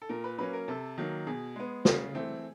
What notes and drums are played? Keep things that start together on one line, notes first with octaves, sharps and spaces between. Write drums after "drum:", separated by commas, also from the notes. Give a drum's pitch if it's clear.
A4
A#2 A#4
B4
F#3 A#3 C#4 B4
A#4
C3 A4
D#3 F#3 A#3
B2 G#4
G#3 B3
C#3, drum: snare
E3 A3 C4